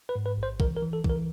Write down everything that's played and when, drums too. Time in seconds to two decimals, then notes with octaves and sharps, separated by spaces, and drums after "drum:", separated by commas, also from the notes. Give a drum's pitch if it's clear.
0.09 B4
0.15 G#2
0.26 B4
0.37 A1
0.43 C5
0.60 E3 A#4, drum: kick
0.77 A#4
0.82 E3
0.93 A4
1.04 E3, drum: kick
1.10 A#4